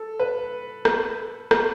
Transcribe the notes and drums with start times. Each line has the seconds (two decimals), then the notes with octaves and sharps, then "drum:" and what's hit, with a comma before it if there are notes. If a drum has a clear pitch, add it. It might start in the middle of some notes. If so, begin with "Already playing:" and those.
Already playing: A4
0.20 B4
0.85 drum: rim click
1.51 drum: rim click